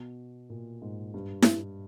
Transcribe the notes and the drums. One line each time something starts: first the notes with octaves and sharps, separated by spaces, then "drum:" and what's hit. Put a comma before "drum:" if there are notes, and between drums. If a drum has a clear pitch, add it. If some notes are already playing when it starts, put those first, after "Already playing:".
Already playing: B2
A#2
G#2
G2
drum: snare E4